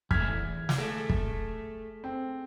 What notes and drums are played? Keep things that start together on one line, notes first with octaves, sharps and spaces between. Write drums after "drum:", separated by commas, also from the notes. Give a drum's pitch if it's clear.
C2 A3 F6 G#6 B6, drum: kick
E2
drum: snare
A3 G#4 A4
drum: kick
C4